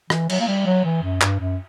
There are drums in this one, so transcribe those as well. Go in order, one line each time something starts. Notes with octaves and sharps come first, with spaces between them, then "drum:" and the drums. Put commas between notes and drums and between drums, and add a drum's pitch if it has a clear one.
E3, drum: rim click
F#3, drum: cymbal
A#3
G3
F#3
E3
F#2
G2, drum: clap
F#2